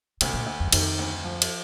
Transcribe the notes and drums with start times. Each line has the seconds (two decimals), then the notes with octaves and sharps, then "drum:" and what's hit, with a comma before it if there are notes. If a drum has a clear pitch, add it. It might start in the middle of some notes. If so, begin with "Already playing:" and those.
0.21 D2 C3, drum: cymbal
0.34 A#2
0.46 D2
0.60 F2
0.67 G2
0.72 F2 D#3, drum: cymbal
0.99 D2
1.24 F3
1.42 drum: cymbal